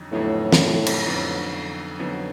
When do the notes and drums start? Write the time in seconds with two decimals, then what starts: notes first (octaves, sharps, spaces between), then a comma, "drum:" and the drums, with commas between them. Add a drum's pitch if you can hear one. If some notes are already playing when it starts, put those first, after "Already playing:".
Already playing: F2 D3 F#3 D#4
0.12 F2 A2 D3 F#3 B3 D#4
0.53 drum: snare
0.87 drum: cymbal
1.06 F2 D3 F#3 B3 D#4
1.99 F2 D3 F#3 B3 D#4